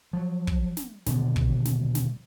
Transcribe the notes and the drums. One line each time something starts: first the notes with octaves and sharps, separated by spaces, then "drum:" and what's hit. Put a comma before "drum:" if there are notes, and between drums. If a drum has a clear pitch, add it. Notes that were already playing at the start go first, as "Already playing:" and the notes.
F3 F#3
drum: kick
drum: snare
D#1 B2 D3, drum: snare
drum: kick
drum: snare
drum: snare